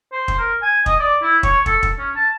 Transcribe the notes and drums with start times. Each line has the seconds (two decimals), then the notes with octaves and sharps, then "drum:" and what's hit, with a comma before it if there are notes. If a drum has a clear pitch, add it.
0.12 C5
0.28 drum: kick
0.39 A#4
0.62 G#5
0.86 D#5, drum: kick
0.99 D5
1.22 E4
1.43 C#5, drum: kick
1.66 A4, drum: kick
1.83 drum: kick
1.98 C#4
2.16 A5